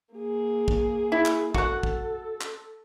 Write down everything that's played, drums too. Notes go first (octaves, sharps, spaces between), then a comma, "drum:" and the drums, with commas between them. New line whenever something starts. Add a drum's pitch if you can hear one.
A#3 G#4
drum: kick
E4
drum: clap
F#4 A4 F#5, drum: kick
drum: kick
drum: clap